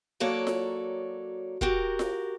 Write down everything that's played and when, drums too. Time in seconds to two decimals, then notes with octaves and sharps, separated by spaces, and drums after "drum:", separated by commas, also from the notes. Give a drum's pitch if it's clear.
0.20 F#3 A#3 F#4 A4 C#5 D5
0.47 drum: snare F4
1.61 F#4 G4 A#4, drum: kick
1.99 drum: snare F4